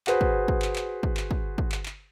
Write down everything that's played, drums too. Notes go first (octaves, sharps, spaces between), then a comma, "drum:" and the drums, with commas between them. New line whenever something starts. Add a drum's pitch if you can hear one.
F#4 G#4 B4 C5, drum: clap
drum: kick
drum: kick
drum: clap
drum: clap
drum: kick
drum: clap
drum: kick
drum: kick
drum: clap
drum: clap